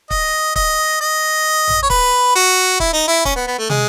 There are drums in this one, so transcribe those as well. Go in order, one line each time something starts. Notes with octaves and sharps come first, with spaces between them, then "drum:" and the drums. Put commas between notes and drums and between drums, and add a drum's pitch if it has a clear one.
D#5, drum: kick
D#5, drum: kick
D#5
drum: tom A1
C#5
B4, drum: kick
F#4
E4, drum: kick
D#4
E4
C#4, drum: kick
B3
B3
A3
G#3, drum: tom